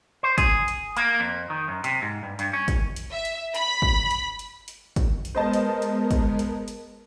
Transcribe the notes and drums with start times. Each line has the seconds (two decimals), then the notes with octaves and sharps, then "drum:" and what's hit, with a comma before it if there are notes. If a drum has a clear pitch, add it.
0.23 C5
0.38 G#4, drum: kick, hi-hat
0.68 drum: hi-hat
0.97 A#3, drum: hi-hat
1.20 F2
1.50 D#3
1.68 F#2
1.84 C3, drum: hi-hat
2.02 G#2
2.23 G2
2.39 G2, drum: hi-hat
2.53 C#4
2.68 drum: kick, hi-hat
2.96 drum: hi-hat
3.11 E5
3.25 drum: hi-hat
3.55 B5, drum: hi-hat
3.82 drum: kick
4.11 drum: hi-hat
4.39 drum: hi-hat
4.68 drum: hi-hat
4.96 drum: kick, hi-hat
5.25 drum: hi-hat
5.35 G#3 B3 A#4 C5 D#5 A5
5.53 drum: hi-hat
5.82 drum: hi-hat
6.11 drum: kick, hi-hat
6.39 drum: hi-hat
6.68 drum: hi-hat